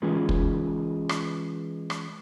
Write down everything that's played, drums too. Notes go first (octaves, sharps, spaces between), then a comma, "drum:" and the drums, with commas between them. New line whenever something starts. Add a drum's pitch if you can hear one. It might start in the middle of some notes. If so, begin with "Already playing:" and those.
E3 G#3 C#4 F4 G#4 B4
drum: kick
drum: rim click
drum: rim click